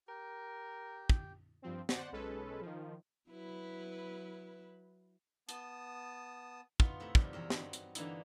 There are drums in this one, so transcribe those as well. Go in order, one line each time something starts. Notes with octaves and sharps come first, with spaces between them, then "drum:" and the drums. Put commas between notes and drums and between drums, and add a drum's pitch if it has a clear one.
G4 A#4
drum: kick
G2 F3 C4
C5 D5 F#5, drum: snare
B1 G#3 C#4 A4 B4
D#3 F3
F#3 E4 B4
B3 A5 D#6, drum: hi-hat
B3 D#4 F4 F#4, drum: kick
C3 A3 E4 E5 A#5
C3 D#3 F3 G3 A#3, drum: kick
E2 C4 A#4 C#5
G2 C4 D#4 F#4 B5, drum: snare
drum: hi-hat
D3 E3 A#3 D#4 E4, drum: hi-hat